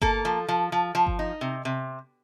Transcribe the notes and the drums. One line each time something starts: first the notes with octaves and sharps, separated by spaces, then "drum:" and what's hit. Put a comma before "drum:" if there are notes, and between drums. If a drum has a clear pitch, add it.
A#3 A4, drum: kick G1
F3
F3
F3
F3
drum: kick G1
D#4
C3
C3